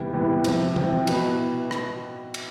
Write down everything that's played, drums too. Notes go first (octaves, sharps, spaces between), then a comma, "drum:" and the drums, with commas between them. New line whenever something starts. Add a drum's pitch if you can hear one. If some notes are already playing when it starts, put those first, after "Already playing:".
Already playing: E2 C3 G3 B3
E2 C3 G3 B3
C3 F3 C4, drum: cymbal
C3 F3 C4, drum: tom E3
B2 B3 E4 B4, drum: cymbal
drum: rim click
drum: cymbal